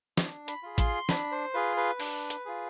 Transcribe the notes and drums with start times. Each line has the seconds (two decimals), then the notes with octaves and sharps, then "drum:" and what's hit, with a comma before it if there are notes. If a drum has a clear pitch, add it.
0.17 D4, drum: snare
0.48 B5, drum: hi-hat
0.63 F4 G#4
0.78 C6, drum: kick A1, hi-hat
1.09 D4 B5, drum: snare
1.32 C5
1.54 F4 G#4 B4
1.77 B4
2.00 D4, drum: open hi-hat
2.30 drum: hi-hat
2.45 F4 G#4